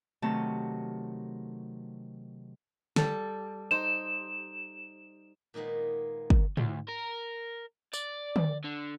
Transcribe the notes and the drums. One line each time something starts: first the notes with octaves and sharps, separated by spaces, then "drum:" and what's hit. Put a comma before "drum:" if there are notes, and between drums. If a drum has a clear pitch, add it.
C3 D#3 F#3 A3 A5
G3 A4, drum: snare
D#4 C5 E7
A#2 D#3 G#3 A#3 B3
drum: kick
D2, drum: tom G#2
A#4
D5, drum: tambourine
drum: tom D3
D3